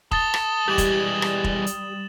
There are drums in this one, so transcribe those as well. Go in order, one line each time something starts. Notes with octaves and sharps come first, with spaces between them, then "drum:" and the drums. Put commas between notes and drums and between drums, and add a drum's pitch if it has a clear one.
A4 D#6 A6 G7, drum: kick
drum: rim click
E3 G3 G#3 G4 E7 F#7
drum: kick, hi-hat
drum: rim click
drum: kick
drum: hi-hat